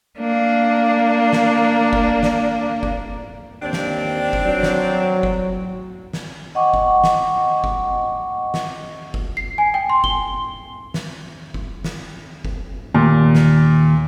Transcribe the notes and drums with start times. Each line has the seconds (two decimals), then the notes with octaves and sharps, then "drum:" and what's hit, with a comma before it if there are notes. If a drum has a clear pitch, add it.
0.20 A#3 D4
1.33 drum: snare
1.93 drum: kick F#1
2.23 drum: snare
2.83 drum: kick F#1
3.62 D#2 C4 D4
3.73 drum: snare
4.33 drum: kick F#1
4.44 F#3
4.63 drum: snare
5.23 drum: kick F#1
6.13 drum: snare
6.55 D#5 F#5 G5 C#6 D6
6.74 drum: kick F#1
7.04 drum: snare
7.64 drum: kick F#1
8.54 drum: snare
9.14 drum: kick F#1
9.37 C7
9.58 G#5
9.74 G5
9.90 C6
10.04 G7, drum: kick F#1
10.94 drum: snare
11.54 drum: kick F#1
11.84 drum: snare
12.45 drum: kick F#1
12.94 D#2 A#2
13.35 drum: snare